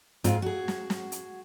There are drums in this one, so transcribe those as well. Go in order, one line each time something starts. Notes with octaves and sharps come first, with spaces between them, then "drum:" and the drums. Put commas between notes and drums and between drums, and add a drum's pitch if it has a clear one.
G#2 G#3 C4 F4, drum: hi-hat
F#4 G#4
drum: snare
drum: snare
drum: hi-hat